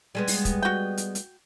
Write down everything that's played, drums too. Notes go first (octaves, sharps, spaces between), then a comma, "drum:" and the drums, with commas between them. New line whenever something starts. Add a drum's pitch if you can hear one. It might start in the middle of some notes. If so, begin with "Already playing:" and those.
G3 G#3 B3
drum: open hi-hat
drum: kick, hi-hat
F#4 G5
drum: hi-hat
drum: hi-hat